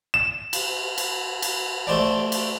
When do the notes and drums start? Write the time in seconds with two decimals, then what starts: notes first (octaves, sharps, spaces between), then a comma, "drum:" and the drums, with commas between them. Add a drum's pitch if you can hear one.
0.14 E7
0.53 drum: cymbal
0.98 drum: cymbal
1.42 drum: cymbal
1.87 A3 C5 D5
2.32 drum: cymbal